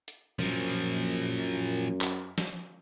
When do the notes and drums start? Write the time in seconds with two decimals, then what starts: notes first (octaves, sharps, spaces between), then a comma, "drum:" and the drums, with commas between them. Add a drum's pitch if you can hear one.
0.08 drum: hi-hat
0.39 F#2 A#2 F3, drum: tom B2
2.01 drum: clap
2.38 drum: snare